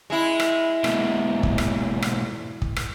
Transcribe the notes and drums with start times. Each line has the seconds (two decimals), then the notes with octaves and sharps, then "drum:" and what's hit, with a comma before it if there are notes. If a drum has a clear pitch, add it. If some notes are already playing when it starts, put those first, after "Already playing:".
0.10 G#3 E4
0.40 drum: rim click
0.84 G#2 B2, drum: rim click
1.43 drum: kick
1.58 drum: rim click
2.02 drum: rim click
2.62 drum: kick
2.76 drum: rim click